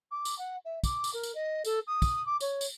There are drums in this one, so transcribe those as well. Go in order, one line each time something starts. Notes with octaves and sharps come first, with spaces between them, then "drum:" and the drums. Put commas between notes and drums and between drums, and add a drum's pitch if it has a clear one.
D6
drum: tambourine
F#5
E5
D6, drum: kick, tambourine
drum: tambourine
A#4
drum: tambourine
D#5
A4, drum: tambourine
D#6
drum: kick, tambourine
D6
C#5, drum: tambourine
drum: tambourine